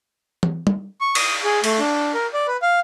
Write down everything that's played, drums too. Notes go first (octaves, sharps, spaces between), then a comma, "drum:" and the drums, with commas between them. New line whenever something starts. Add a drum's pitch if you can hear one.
drum: tom E3
drum: tom G3
C#6
D#6, drum: cymbal
G#4
A3, drum: cymbal
D4
A#4
D5
B4
F5